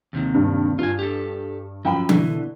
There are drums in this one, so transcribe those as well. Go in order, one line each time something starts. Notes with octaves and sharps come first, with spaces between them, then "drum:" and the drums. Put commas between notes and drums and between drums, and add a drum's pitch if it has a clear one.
D#2 C3 D#3
G2
G2 F4 G#5
G4 A4
F#2 F3 G5 B5
B2 D3 E3, drum: tom E3